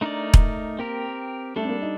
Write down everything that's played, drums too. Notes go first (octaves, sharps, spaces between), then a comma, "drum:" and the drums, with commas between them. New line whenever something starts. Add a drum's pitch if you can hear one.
A3 D4 D#4 A#4 D5
drum: kick E1
A#3 C4 G4 A#4
G3 A3 D4 A4
C4
A#3
D#4